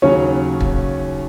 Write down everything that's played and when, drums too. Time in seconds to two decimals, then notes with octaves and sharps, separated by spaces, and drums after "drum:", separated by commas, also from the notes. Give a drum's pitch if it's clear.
0.02 D#2 C#3 F#3 C#4 C#5
0.61 drum: kick